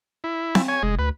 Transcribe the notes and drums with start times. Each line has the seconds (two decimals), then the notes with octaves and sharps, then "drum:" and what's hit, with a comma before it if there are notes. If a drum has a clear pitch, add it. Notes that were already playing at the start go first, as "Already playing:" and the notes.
0.24 E4
0.55 drum: snare C4
0.68 C#5 G#5
0.83 F1 G#3
0.99 D2 B4